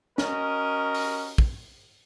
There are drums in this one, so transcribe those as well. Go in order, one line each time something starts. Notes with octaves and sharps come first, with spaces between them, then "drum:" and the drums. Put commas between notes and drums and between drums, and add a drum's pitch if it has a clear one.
C#4 F#4 A#4 D#5, drum: snare
drum: open hi-hat
drum: kick